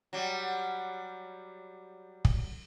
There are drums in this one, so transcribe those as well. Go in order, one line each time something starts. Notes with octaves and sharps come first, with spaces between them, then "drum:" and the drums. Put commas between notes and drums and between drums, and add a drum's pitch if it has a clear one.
F#3 G3
drum: kick